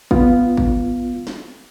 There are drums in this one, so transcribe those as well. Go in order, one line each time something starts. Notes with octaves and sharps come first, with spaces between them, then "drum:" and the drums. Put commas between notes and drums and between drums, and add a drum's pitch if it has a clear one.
B3 F4, drum: kick
drum: kick
drum: snare